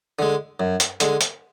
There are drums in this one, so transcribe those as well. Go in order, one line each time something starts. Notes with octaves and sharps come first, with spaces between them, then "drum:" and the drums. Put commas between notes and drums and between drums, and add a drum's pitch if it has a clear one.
D3 G#3
F#2
drum: hi-hat
D3 G#3, drum: hi-hat
drum: hi-hat